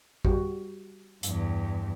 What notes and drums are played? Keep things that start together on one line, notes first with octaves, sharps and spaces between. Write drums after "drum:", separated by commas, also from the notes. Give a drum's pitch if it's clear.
G3 F#4, drum: kick
E2 G2, drum: hi-hat